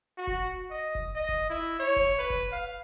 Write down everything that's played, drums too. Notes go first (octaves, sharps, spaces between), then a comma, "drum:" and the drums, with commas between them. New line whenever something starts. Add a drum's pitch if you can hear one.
F#4
drum: kick F1
D#5
drum: kick F1
D#5
drum: kick F1
E4
C#5
drum: kick F1
B4
drum: kick F1
F5